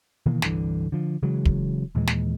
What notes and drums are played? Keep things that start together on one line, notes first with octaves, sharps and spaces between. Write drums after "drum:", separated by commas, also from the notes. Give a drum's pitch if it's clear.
B2 D#3 E3 A#3
G1 C2 D3 E3, drum: snare
D3 F3
C#3 E3 F#3 G#3
drum: kick
D#2 A#2 E3 G#3
drum: snare